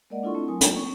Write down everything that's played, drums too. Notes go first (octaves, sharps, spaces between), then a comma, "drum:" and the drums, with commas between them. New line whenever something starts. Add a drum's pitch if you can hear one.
G#3 A#3 A#4 D5 D#5 F#5
D4 E4 F4 A4 C6 C#6
A3 C4 E4
F#3 A3 A#4 G#5 D#6
A#3 F4, drum: hi-hat
C4 C#6